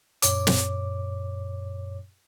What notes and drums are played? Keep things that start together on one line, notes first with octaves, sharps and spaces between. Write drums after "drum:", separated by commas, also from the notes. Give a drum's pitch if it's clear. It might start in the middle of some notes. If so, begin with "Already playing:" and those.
F#2 A#2 C#5 D6, drum: hi-hat
drum: snare